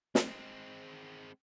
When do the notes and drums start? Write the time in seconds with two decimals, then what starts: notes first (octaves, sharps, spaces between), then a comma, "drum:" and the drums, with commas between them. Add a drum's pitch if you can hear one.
0.15 G#3 C4, drum: snare